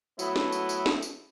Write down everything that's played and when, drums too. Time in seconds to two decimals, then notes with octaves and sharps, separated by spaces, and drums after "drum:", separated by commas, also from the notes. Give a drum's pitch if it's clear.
0.19 F#3 A3 B3 E4, drum: tambourine
0.36 drum: snare
0.52 drum: tambourine
0.69 drum: tambourine
0.86 drum: snare
1.02 drum: tambourine